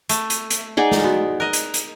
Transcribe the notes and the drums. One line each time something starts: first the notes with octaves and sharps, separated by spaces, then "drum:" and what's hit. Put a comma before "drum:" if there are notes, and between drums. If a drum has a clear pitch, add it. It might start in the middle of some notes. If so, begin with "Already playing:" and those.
A3, drum: hi-hat
drum: hi-hat
drum: hi-hat
D#4 G#4 D5 F#5 G#5
drum: snare
B3 F#4
A#4 D#5 F#6
drum: hi-hat
drum: hi-hat